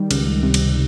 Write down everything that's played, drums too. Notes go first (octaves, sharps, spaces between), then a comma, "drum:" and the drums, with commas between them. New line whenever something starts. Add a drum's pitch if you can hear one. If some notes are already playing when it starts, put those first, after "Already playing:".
Already playing: D#3 G3
C#2, drum: cymbal
C3
drum: cymbal